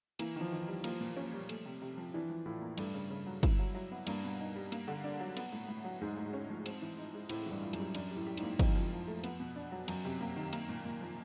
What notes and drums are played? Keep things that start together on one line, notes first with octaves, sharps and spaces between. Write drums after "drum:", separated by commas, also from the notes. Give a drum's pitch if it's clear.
E3 A#3, drum: cymbal
D#3 F3
D#3
G3
F3 A#3, drum: cymbal
A#2
C#4
G3
A3, drum: cymbal
C3
C3
F3
E3 D4
F3
A2 F4
A#3
G2 A3, drum: cymbal
C#3
C#3
F#3
E4, drum: kick, cymbal
F#3
F#3
B3
G2 A#3, drum: cymbal
B2
D#4
G3
A#3, drum: cymbal
D3
D4
F#3
B3, drum: cymbal
A2
A2
F#3
G#2 G#3
A2
C#4
F3
C4, drum: cymbal
E3
D#4
G#3
A2 C4, drum: cymbal
G2 E3
F4
F#2, drum: cymbal
G3
F#2 D4, drum: cymbal
G3
A2
G4
G#2, drum: cymbal
A#3
F2 C4, drum: kick, cymbal
F3
F4
A3
B3, drum: cymbal
B2
D4
F#3
F#2 F#3, drum: cymbal
C3
A#3
D#3
A#3, drum: cymbal
A#2
A#2
F3